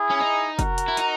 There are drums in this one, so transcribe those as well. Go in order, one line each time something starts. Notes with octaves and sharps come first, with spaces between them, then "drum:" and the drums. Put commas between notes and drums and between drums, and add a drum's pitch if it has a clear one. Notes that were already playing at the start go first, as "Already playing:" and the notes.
Already playing: E4 G#4
C#4
D#4
F#4 A#4, drum: kick, hi-hat
drum: hi-hat
E4
D#4, drum: hi-hat